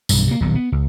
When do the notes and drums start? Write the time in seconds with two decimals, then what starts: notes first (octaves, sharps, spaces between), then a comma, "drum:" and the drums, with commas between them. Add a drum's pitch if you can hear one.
0.09 B1 G2, drum: tambourine
0.28 C3 A#3
0.41 D#1 B1 D#3
0.55 B3
0.72 C#2